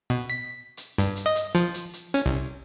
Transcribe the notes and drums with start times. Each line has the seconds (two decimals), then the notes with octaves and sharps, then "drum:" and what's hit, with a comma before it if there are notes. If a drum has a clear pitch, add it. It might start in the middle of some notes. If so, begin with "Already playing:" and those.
0.10 B2
0.30 B6
0.77 drum: hi-hat
0.98 G2, drum: hi-hat
1.16 drum: hi-hat
1.26 D#5
1.35 drum: hi-hat
1.55 F3, drum: hi-hat
1.74 drum: hi-hat
1.93 drum: hi-hat
2.14 C#4, drum: hi-hat
2.26 C2